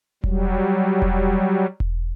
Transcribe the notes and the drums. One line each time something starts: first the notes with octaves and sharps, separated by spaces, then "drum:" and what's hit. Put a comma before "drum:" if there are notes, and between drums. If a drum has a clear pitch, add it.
F#3 G3, drum: kick E1
drum: kick E1
drum: kick E1